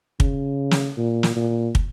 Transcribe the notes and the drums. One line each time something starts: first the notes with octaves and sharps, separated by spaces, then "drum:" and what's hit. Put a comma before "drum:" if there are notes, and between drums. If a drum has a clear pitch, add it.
C#3, drum: kick
drum: snare
A#2
drum: snare
A#2
drum: kick